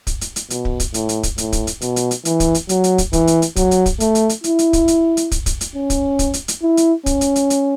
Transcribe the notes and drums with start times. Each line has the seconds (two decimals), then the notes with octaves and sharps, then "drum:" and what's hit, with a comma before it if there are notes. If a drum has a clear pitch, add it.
0.07 drum: kick, hi-hat
0.21 drum: hi-hat
0.36 drum: hi-hat
0.50 B2, drum: hi-hat
0.65 drum: kick
0.80 drum: kick, hi-hat
0.94 A2, drum: hi-hat
1.09 drum: hi-hat
1.23 drum: kick, hi-hat
1.38 A2, drum: hi-hat
1.53 drum: kick, hi-hat
1.67 drum: hi-hat
1.81 B2, drum: hi-hat
1.96 drum: hi-hat
2.11 drum: hi-hat
2.25 E3, drum: hi-hat
2.40 drum: kick, hi-hat
2.55 drum: hi-hat
2.69 F#3, drum: hi-hat
2.84 drum: hi-hat
2.98 drum: kick, hi-hat
3.13 E3, drum: kick, hi-hat
3.27 drum: hi-hat
3.42 drum: hi-hat
3.56 F#3, drum: kick, hi-hat
3.71 drum: hi-hat
3.86 drum: kick, hi-hat
4.00 A3, drum: hi-hat
4.15 drum: hi-hat
4.29 drum: hi-hat
4.44 E4, drum: hi-hat
4.59 drum: hi-hat
4.73 drum: kick, hi-hat
4.88 drum: hi-hat
5.17 drum: hi-hat
5.32 drum: kick, hi-hat
5.46 drum: kick, hi-hat
5.61 drum: hi-hat
5.75 C#4
5.90 drum: kick, hi-hat
6.19 drum: kick, hi-hat
6.34 drum: hi-hat
6.48 drum: hi-hat
6.63 E4
6.77 drum: hi-hat
7.06 C#4, drum: kick, hi-hat
7.21 drum: hi-hat
7.36 drum: hi-hat
7.50 drum: hi-hat